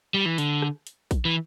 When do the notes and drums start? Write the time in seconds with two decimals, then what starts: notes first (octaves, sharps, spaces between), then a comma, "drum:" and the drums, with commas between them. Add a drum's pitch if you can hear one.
0.14 G3
0.26 E3
0.38 D3, drum: hi-hat
0.62 drum: rim click
0.87 drum: hi-hat
1.11 drum: kick, hi-hat
1.25 E3